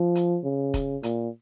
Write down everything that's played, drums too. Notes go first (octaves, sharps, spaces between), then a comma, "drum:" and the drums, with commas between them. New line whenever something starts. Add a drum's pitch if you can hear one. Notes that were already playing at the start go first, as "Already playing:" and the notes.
Already playing: F3
drum: hi-hat
C#3
drum: kick, hi-hat
A#2, drum: hi-hat